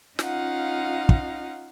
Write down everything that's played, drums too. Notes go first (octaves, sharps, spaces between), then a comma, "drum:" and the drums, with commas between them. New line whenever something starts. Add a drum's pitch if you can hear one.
C#4 D#4 F4 F5 F#5, drum: snare
drum: kick